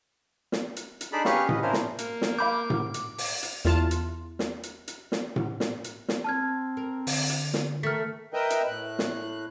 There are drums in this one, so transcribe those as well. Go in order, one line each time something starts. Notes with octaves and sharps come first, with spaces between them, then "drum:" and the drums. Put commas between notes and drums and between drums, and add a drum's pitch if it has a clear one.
drum: snare
drum: hi-hat
drum: hi-hat
D4 D#4 G#4 A4 D5 B5
C#4 G4 G#4 B4 C#5 F5, drum: snare
B4 D#5, drum: tom A2
C#4 D4 E4 F4 A#4 C5
drum: snare
A#3, drum: hi-hat
drum: snare
F5 B5 D6 G6
drum: tom A2
drum: hi-hat
drum: open hi-hat
drum: hi-hat
E2 F4 A5, drum: snare
drum: hi-hat
drum: snare
drum: hi-hat
drum: hi-hat
drum: snare
drum: tom A2
drum: snare
drum: hi-hat
drum: snare
C4 A5 F6 G#6
A#4
D3, drum: open hi-hat
drum: hi-hat
drum: snare
D#3 A3 F6 B6
A#4 B4 D#5 E5 G5
drum: hi-hat
A2 F#6
drum: snare